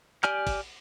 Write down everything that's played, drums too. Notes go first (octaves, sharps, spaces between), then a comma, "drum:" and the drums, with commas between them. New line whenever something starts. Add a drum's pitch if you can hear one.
G4 D5 G#5 F6 G6, drum: clap
drum: kick, cymbal